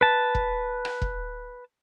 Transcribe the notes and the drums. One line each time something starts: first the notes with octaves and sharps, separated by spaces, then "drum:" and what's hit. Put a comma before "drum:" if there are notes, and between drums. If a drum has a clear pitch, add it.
B4 A5
drum: kick E1
drum: rim click
drum: kick E1